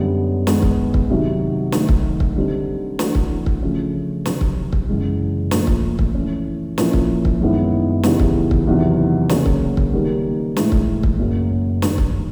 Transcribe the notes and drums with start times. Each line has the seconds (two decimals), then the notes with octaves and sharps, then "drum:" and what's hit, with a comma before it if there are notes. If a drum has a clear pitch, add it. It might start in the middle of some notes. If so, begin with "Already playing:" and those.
Already playing: F#2 D3 G3 B3
0.47 D#3 G#3 B3, drum: snare
0.63 drum: kick C#1
0.94 drum: kick C#1
1.10 C3 D#3 F#3
1.72 D#3 F#3 A3, drum: snare
1.89 drum: kick C#1
2.20 drum: kick C#1
2.36 D3 G3 C4 D#4
2.99 E3 A3 D4 F#4, drum: snare
3.15 drum: kick C#1
3.46 drum: kick C#1
3.62 C#3 F3 A3 C#4
4.25 C3 D#3 F#3, drum: snare
4.41 drum: kick C#1
4.73 drum: kick C#1
4.89 F#2 C#3 E3 G#3
5.51 A#2 F3 A3, drum: snare
5.67 drum: kick C#1
5.99 drum: kick C#1
6.14 E3 A3 C#4
6.78 A#2 F3 A#3 C#4 E4, drum: snare
6.93 drum: kick C#1
7.25 drum: kick C#1
7.40 F#2 D#3 G#3 B3 E4
8.03 C#3 E3 G3 B3 D#4, drum: snare
8.20 drum: kick C#1
8.51 drum: kick C#1
8.67 E2 C3 D#3 F#3
9.29 C#3 F#3 A#3 C#4, drum: snare
9.46 drum: kick C#1
9.77 drum: kick C#1
9.93 D#3 G3 A#3
10.57 A2 E3 G#3, drum: snare
10.72 drum: kick C#1
11.03 drum: kick C#1
11.19 F#2 C#3 F#3 A#3
11.82 G2 D#3 G3, drum: snare
11.98 drum: kick C#1